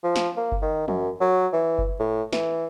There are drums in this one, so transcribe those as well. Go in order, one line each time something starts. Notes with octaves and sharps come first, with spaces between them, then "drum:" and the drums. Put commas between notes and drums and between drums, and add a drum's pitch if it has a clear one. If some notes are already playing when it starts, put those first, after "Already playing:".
F3
drum: snare
A#3
drum: kick F#1
D#3
F#2, drum: tom
F#3
E3
drum: kick F#1
A2
E3, drum: snare